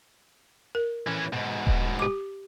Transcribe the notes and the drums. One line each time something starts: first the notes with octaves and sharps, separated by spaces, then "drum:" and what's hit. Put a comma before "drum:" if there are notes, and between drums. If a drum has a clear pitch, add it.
A#4
E3 C#4
G#2 B2
drum: kick D#1
G4 D6